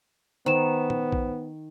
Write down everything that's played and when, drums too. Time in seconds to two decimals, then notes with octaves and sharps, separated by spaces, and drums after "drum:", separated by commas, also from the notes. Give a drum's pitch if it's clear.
0.46 D#3 B3 C5 E7
0.90 drum: tom
1.12 drum: kick A#1